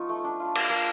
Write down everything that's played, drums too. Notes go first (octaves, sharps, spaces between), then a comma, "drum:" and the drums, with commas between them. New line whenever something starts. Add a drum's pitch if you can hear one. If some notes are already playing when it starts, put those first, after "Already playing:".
Already playing: F3 B3 D#4 F4 C#6
A3
D4
F4
A#3, drum: cymbal
A#3